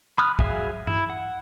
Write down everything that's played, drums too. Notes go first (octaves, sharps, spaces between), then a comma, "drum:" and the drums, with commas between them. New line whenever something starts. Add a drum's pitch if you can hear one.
B5 D#6 F6 F#6
F#3 G#4 E5 F5 G#5, drum: kick
E4, drum: tom G2
F#5